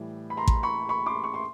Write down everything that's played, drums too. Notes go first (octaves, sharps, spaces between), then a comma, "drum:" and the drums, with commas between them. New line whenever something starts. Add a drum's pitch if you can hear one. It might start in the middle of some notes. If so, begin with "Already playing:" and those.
Already playing: A2 E3 G3
B5
A#5 C6
drum: kick A1
B5 C#6
B5 C#6
C6 D6
C#6
C6